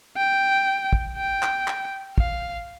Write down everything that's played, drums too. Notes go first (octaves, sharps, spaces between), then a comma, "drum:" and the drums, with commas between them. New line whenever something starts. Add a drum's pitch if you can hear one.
G5
drum: kick
G5
drum: clap
drum: clap
F5, drum: kick